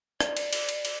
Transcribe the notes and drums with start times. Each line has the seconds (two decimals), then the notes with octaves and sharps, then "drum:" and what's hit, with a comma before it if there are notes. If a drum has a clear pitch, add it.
0.20 D5, drum: rim click
0.37 drum: cymbal
0.53 drum: cymbal
0.69 drum: cymbal
0.85 drum: cymbal